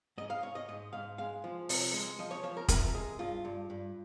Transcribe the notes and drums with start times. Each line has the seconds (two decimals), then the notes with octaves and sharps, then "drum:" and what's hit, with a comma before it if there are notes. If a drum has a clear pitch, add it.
0.18 G#2 D#5
0.30 F5
0.42 G#2 C#5
0.55 D#5
0.68 G#2 D#5
0.93 G#2 F5
1.18 G#3 F5
1.44 F3
1.69 C3, drum: open hi-hat
1.94 G#3
2.19 F3 D#5
2.31 C#5
2.43 F3 C#5
2.57 A#4
2.68 C3 A#4, drum: kick, hi-hat
2.94 G#3 G#4
3.19 G2 F4
3.45 G2
3.70 G2